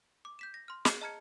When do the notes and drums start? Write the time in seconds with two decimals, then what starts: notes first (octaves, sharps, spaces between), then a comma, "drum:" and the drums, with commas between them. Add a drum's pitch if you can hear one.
0.25 D6
0.39 G6 B6 E7
0.54 A#6
0.68 C6 F6
0.85 G#4 C7, drum: snare
1.01 D#5 A5 A#5 F6 G#6 C#7